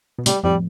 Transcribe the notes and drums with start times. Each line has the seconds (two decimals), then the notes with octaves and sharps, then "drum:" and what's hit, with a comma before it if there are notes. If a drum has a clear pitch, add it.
0.18 B2
0.26 A2 C3 G3, drum: hi-hat
0.43 F2 A2 G3